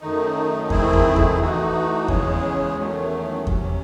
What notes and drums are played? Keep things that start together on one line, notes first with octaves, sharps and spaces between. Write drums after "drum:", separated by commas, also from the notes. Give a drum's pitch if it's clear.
F#2 D#3 A3 D#4
D#3 A3 C4 E4 G#4, drum: kick E2
drum: kick E2
drum: kick E2
E3 A3 D#4 F#4
E2 C#3 G#3 C#4 G#4, drum: kick E2
E2 D#3 F#3 A3 C#4
C3 F#3 C#4, drum: kick E2